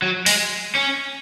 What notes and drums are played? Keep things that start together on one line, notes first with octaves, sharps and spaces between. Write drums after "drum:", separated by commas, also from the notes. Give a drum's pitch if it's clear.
F#3
G#3, drum: open hi-hat
C#4